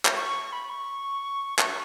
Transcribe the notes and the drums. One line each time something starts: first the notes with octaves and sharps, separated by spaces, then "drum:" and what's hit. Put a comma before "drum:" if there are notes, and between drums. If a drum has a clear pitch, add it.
drum: clap
C#6
B5
C#6
C#6, drum: clap